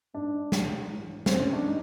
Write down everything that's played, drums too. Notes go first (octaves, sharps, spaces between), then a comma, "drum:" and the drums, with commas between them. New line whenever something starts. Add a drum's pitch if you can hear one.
G#2 D4
G#2, drum: snare
E3
E3 C4, drum: snare
C#4
D4
D#4